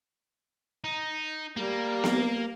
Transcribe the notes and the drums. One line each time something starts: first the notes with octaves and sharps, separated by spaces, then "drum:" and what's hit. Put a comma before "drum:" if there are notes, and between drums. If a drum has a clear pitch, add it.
D#4
G3 A#3
drum: snare B3